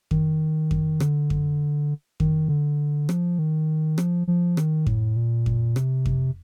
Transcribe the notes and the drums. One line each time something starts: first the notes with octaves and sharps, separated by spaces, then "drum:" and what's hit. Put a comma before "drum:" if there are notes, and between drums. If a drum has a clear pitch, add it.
D#3, drum: kick F2
drum: kick F2
D3, drum: rim click
drum: kick F2
D#3, drum: kick F2
D3
F3, drum: rim click
D#3
F3, drum: rim click
F3
D#3, drum: rim click
A2, drum: kick F2
A#2
drum: kick F2
C3, drum: rim click
drum: kick F2